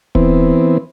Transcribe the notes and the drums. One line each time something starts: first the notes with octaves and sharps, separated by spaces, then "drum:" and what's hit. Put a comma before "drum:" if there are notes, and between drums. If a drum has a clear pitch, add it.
E3 B3 C4, drum: kick D#1